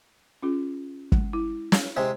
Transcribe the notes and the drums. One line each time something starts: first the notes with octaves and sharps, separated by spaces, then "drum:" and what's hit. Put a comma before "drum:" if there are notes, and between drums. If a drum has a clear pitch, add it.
C#4 F4 G#4
G#3, drum: kick
E4
drum: snare
C3 G#3